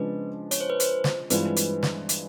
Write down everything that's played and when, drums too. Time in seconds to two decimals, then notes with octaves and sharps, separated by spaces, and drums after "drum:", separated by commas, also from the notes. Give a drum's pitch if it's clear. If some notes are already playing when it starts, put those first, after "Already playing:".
Already playing: C#3 F3 G#3 B3 D4 B4
0.51 C#5, drum: hi-hat
0.61 C5
0.70 B4
0.80 C5, drum: hi-hat
1.04 drum: snare
1.30 G2 E3 G#3 C4 F4 B4, drum: hi-hat
1.56 drum: hi-hat
1.83 drum: snare
2.09 drum: hi-hat